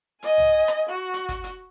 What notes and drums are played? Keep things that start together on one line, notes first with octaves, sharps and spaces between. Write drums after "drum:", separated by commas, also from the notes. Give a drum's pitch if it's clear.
D#5 G#5, drum: hi-hat
drum: tom
drum: rim click
F#4
drum: hi-hat
drum: kick, hi-hat
drum: hi-hat